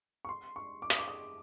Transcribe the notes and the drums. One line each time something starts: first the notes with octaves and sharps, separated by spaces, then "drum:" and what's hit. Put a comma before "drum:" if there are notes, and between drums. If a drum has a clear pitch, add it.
C#6
C6
C#6
D6
D#6, drum: hi-hat
D6
D#6